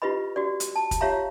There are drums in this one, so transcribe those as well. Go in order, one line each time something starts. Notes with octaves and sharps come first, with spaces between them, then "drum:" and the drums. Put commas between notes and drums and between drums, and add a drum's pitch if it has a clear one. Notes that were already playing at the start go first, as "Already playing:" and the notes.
E4 F4 G4 B4 D#5 B5
F#4 G4 D5
drum: hi-hat
A5
drum: kick, hi-hat
F4 G4 C#5 E5 F5 A#5